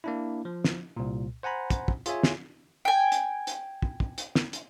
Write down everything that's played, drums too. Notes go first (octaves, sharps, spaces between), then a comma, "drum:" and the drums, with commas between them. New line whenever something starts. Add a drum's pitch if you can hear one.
A#3 D4 E4
F3
drum: snare
C2 A#2
C5 F#5 G#5 A#5 B5
drum: kick, hi-hat
drum: kick
F4 G#4 C#5 E5 G#5, drum: hi-hat
drum: snare
G5 G#5
drum: hi-hat
drum: hi-hat
drum: kick
drum: kick
drum: hi-hat
drum: snare
drum: hi-hat